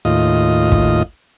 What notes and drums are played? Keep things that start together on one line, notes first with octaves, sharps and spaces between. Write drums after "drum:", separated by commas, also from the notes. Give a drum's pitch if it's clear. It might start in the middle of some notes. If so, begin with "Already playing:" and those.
D#2 A2 F4 D#5
drum: kick